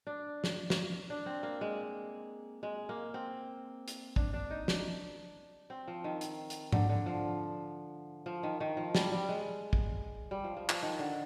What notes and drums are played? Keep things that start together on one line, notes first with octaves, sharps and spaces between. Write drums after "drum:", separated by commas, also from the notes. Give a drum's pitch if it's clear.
D4
drum: snare
drum: snare
D4
C4
A#3
G#3
G#3
A#3
C4
drum: hi-hat
D4, drum: kick
D4
D#4
D4, drum: snare
C4
F3
D#3
drum: hi-hat
drum: hi-hat
D3, drum: tom G#2
D3
F3
F3
D#3
D#3
F3
G3, drum: snare
G3
G#3
drum: kick
G3
F3
F3
F3, drum: clap
D#3
D3